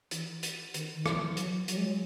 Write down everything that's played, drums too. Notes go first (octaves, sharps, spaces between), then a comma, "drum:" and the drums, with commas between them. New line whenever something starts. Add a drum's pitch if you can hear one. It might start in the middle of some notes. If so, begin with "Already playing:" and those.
E3, drum: hi-hat
drum: hi-hat
D#3, drum: hi-hat
D#3
E3, drum: rim click
F#3, drum: hi-hat
F#3, drum: hi-hat
G#3
F#3